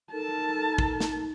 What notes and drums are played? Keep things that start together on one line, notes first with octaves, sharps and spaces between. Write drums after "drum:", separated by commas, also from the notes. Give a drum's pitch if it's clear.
D#4 A4 A#4 A5
drum: kick
drum: snare